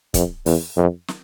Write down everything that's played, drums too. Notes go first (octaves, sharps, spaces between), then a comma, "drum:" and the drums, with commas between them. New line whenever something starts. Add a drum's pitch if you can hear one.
F2, drum: kick, hi-hat
E2, drum: open hi-hat
F2
drum: snare